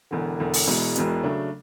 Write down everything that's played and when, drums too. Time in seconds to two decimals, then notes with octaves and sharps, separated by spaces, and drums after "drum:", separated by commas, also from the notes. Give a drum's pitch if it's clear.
0.11 E1 E2 D3
0.39 E1 E2 D3
0.54 drum: open hi-hat
0.67 E1 E2 B2 G#3
0.96 E1 E2 B2 G#3, drum: hi-hat
1.23 C#3 F#3 A3 D4